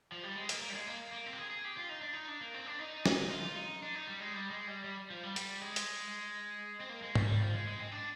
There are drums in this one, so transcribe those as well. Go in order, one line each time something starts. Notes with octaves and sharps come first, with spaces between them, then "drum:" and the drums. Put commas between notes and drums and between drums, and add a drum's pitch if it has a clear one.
F3
G3
G#3
A#3, drum: hi-hat
A#3
G3
G#3
A#3
A#3
C4
G4
G#4
G#4
G4
F4
D#4
D4
D#4
D4
A#3
C4
D4
D#4
D#4, drum: snare
F4
D#4
D4
D#4
G3
G#3
G3
G#3
G3
G3
F3
G3
G3, drum: hi-hat
G#3
drum: hi-hat
C4
A#3
G#3
G3, drum: tom G#2
G3
F3
G#3
G#3
C4
D4